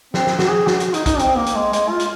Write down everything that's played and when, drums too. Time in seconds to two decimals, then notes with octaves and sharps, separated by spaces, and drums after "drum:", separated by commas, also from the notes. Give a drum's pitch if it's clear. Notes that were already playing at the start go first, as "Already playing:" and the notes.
0.14 C4, drum: snare
0.27 drum: snare
0.39 F#4, drum: snare
0.49 G#4
0.67 F#4, drum: snare
0.80 F#4, drum: hi-hat
0.94 D#4, drum: hi-hat
1.06 D#4, drum: kick, hi-hat
1.19 C4, drum: hi-hat
1.37 A#3
1.46 drum: hi-hat
1.56 G#3
1.73 G#3, drum: hi-hat
1.90 F4
1.99 drum: hi-hat